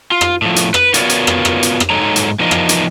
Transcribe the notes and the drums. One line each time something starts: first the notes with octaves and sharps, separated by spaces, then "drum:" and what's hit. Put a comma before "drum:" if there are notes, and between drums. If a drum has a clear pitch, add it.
F4
drum: rim click
A2 F3
drum: hi-hat
B4, drum: rim click
B3 F4 F#4 A#4 C#5 D5, drum: hi-hat
drum: hi-hat
drum: rim click
drum: rim click
drum: hi-hat
drum: rim click
G#2 F#3 D#4 A4 C#5 A#5
drum: hi-hat
E2 F3 D4 D#4 A#4 D#5
drum: rim click
drum: hi-hat